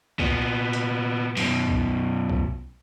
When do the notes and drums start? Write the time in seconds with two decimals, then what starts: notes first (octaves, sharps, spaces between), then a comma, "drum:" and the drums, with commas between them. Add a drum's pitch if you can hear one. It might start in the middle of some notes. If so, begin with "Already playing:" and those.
0.20 A#2 B3, drum: kick
0.73 drum: hi-hat
1.37 F#2 B2, drum: open hi-hat
1.69 drum: kick
2.30 drum: kick